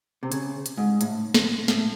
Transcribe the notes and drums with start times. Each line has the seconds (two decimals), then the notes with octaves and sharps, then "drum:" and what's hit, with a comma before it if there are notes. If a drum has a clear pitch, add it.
0.23 C3
0.32 C#3, drum: hi-hat
0.66 drum: hi-hat
0.77 G#2
1.01 A2, drum: hi-hat
1.34 drum: snare
1.68 A2, drum: snare